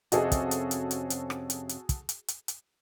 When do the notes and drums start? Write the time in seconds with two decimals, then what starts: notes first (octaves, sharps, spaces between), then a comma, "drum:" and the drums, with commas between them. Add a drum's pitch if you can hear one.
0.12 F2 C3 C#4 F#4 G#4 A4, drum: hi-hat
0.32 drum: kick, hi-hat
0.51 drum: hi-hat
0.71 drum: hi-hat
0.91 drum: hi-hat
1.10 drum: hi-hat
1.30 drum: rim click
1.50 drum: hi-hat
1.69 drum: hi-hat
1.89 drum: kick, hi-hat
2.09 drum: hi-hat
2.28 drum: hi-hat
2.48 drum: hi-hat